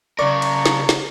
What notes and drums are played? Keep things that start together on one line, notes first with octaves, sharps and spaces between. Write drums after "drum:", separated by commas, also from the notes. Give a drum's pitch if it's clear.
C#3 A#4 D5 A#5 C#6
drum: cymbal
drum: snare
drum: snare